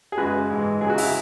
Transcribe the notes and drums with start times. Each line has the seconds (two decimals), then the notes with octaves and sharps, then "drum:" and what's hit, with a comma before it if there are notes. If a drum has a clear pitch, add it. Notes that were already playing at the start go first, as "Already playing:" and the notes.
0.12 G#4
0.18 F#2 C#3 G#3 F#4 B4
0.50 G#2 E3 G#3
0.81 C#2 C#3 F#3 G#4
0.90 F#4
0.98 E4, drum: open hi-hat